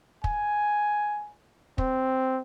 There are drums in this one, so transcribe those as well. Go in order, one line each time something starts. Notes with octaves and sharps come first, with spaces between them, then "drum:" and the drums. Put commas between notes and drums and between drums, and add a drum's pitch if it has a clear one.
G#5, drum: kick
C4, drum: kick